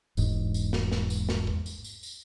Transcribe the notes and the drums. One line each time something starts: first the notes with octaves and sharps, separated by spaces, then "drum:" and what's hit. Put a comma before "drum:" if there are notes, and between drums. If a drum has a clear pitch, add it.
E1 G#2, drum: tambourine
drum: tambourine
drum: snare
drum: snare
drum: tambourine
drum: snare
drum: kick
drum: tambourine
drum: tambourine
drum: tambourine